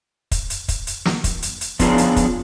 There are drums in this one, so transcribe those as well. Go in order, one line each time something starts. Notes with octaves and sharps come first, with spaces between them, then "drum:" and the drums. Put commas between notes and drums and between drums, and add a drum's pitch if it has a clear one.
drum: kick, hi-hat
drum: hi-hat
drum: kick, hi-hat
drum: hi-hat
drum: snare
drum: kick, hi-hat
drum: hi-hat
drum: hi-hat
F3 B3 C#4 D4 F4 G#4, drum: kick, hi-hat
drum: hi-hat
drum: kick, hi-hat